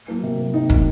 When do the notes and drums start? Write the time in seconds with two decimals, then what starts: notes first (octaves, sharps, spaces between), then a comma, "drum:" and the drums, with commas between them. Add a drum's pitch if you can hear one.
0.08 F#3 A#3
0.23 C3
0.39 F#3 A#3
0.54 C3 D#4
0.70 F#3 A#3, drum: kick